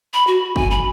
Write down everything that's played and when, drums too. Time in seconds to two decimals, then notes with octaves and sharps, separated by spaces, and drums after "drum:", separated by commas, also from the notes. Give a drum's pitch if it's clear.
0.14 B5
0.27 F#4
0.56 G#5, drum: kick
0.71 B5